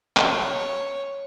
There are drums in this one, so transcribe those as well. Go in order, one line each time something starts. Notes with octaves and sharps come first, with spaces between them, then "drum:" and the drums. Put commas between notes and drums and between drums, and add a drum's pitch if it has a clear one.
C#5, drum: clap